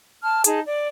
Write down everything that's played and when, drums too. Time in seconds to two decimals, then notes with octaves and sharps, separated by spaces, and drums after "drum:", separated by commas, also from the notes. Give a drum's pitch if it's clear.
0.23 A5 F6
0.44 D#4 G#4 A5, drum: hi-hat
0.66 D5